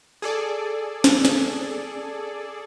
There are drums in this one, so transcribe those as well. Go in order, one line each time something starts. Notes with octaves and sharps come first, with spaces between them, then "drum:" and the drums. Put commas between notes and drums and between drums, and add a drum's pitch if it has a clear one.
G#4 A4 D5
drum: snare
drum: snare